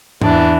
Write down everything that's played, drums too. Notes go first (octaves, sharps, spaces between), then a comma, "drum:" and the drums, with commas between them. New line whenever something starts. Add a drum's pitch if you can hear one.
E2 E3 D4, drum: tom G#2